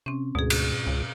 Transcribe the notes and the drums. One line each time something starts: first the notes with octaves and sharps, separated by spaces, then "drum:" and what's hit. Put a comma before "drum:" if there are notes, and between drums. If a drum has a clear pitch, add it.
C3 C4 C#4
D2 G#2 B2 G#4
drum: cymbal
C#2